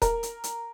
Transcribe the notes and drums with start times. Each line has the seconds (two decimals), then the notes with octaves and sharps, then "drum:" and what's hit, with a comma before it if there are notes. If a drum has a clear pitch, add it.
0.02 A#4, drum: kick D#1, hi-hat
0.23 drum: hi-hat
0.44 drum: hi-hat